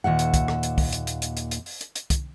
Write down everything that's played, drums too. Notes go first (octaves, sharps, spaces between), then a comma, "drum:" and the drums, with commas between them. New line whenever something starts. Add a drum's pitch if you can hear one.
D#2 A#2 E5 F#5
drum: hi-hat
drum: kick, hi-hat
drum: rim click
drum: hi-hat
drum: kick, open hi-hat
drum: hi-hat
drum: hi-hat
drum: hi-hat
drum: hi-hat
drum: hi-hat
drum: open hi-hat
drum: hi-hat
drum: hi-hat
drum: kick, hi-hat